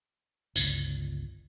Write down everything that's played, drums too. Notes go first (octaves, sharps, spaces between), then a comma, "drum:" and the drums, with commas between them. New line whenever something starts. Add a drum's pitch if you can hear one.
G1 C#2, drum: tambourine